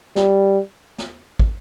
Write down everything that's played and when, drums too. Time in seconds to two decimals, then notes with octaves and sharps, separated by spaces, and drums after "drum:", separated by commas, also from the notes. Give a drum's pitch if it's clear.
0.16 G3, drum: snare
0.98 drum: snare
1.39 drum: kick